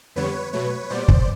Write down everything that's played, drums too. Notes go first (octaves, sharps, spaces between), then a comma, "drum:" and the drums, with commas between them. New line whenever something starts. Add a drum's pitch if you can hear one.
F2 D3 G3 B3 B4 C#5
B2 F#3 A3 B4 C#5
A#2 G3 B3 C5 D5
drum: kick